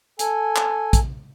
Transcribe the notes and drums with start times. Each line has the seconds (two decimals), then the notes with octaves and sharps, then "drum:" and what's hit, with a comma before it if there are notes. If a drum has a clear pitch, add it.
0.19 A4 G#5, drum: hi-hat
0.56 drum: clap
0.93 drum: kick, hi-hat